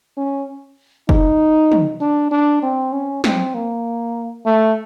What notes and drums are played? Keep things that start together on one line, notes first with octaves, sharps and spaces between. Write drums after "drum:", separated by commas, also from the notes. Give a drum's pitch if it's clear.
C#4
D#4, drum: kick
drum: tom
D4
D4
C4
C#4
C4, drum: snare
A#3
A3